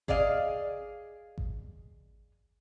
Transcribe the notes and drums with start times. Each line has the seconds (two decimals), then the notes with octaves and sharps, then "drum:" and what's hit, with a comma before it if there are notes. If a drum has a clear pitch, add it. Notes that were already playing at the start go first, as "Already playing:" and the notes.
0.08 G#4 D5 D#5 F5, drum: kick G#1
1.38 drum: kick G#1